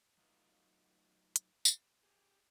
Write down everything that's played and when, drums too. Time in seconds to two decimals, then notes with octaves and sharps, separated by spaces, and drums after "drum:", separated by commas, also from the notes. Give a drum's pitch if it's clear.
0.17 F#3 A3 D#4 F4 B4
1.36 drum: hi-hat
1.65 drum: tambourine
2.03 G4 G#4